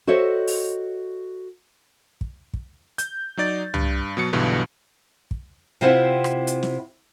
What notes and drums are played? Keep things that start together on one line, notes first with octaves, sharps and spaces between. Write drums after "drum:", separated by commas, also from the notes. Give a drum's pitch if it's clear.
F#4 A4 C5 C#5 D#5 E5
drum: open hi-hat
drum: kick
drum: kick
G6, drum: hi-hat
F#3 D#4 D5 A6
G2, drum: tom
B2 F#3 C#7
B1 G2 B2 D3 E3
drum: kick
C3 C4 E4 F4 C5 F#5
drum: rim click
drum: hi-hat
drum: snare